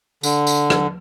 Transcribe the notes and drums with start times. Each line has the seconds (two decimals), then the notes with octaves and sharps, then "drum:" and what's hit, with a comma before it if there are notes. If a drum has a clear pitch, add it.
0.23 D3, drum: tambourine
0.47 drum: tambourine
0.70 drum: rim click